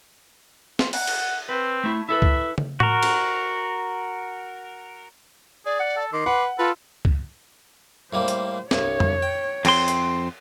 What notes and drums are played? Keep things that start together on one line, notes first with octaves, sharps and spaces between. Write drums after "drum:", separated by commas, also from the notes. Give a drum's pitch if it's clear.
F4, drum: snare
F#5, drum: open hi-hat
drum: cymbal
C4 B4
A3 E4
E4 A4 B4 E5
drum: kick C#2
drum: tom
F#4 A#4, drum: tom A2
drum: cymbal
G#4 D5
F#5
A4
D#3 C6 D6
B4 F#5
F4 A4 B4
drum: kick C#2
A2 G3 A#3 C5
drum: hi-hat
C2 G2 C#5, drum: snare
drum: tom F2
G5
F2 C4 C6, drum: cymbal
drum: hi-hat